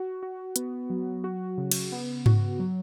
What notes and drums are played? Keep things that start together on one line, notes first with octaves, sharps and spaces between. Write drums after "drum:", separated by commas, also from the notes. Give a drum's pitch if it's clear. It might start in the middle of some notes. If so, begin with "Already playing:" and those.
Already playing: F#4
F#4
B3, drum: hi-hat
F#3
F#4
C#3
drum: cymbal
B3
F#4, drum: tom G#2
F#3